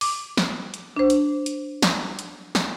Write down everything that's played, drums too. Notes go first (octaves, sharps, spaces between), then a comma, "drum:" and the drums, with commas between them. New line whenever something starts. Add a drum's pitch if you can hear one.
D6, drum: open hi-hat
drum: snare
drum: hi-hat
D4 C5
drum: hi-hat
drum: hi-hat
drum: snare
drum: hi-hat
drum: snare